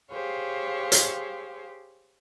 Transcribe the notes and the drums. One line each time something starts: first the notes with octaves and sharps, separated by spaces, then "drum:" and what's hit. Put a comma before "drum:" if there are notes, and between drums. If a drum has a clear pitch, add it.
G4 G#4 C5 C#5 F5
drum: hi-hat